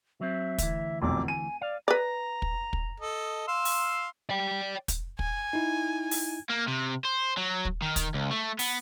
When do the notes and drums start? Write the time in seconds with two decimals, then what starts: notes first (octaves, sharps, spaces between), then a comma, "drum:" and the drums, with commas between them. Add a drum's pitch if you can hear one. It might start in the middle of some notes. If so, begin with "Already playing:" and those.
0.21 F#3 C4 E5
0.58 D2 E3, drum: kick, hi-hat
1.02 F1 B1 D6
1.28 G#5 D#7
1.62 D5 F5
1.88 B4 D5 A#5
2.42 drum: kick
2.73 drum: kick
3.00 A4 D#5
3.48 F5 C6 E6
3.65 drum: open hi-hat
4.30 D5 G5
4.88 drum: kick, hi-hat
5.19 G#5, drum: kick
5.53 D#4 E4
6.11 drum: open hi-hat
6.50 A#3
6.68 C3
7.05 C5
7.37 F#3
7.65 drum: kick
7.82 D#3
7.96 drum: kick, hi-hat
8.14 C#2
8.31 A3
8.59 B3, drum: open hi-hat